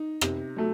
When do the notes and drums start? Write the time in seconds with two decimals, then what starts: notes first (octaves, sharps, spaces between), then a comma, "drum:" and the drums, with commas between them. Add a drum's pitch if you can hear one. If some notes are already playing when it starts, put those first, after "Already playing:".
Already playing: D#4
0.21 C3, drum: rim click
0.57 F#3 A3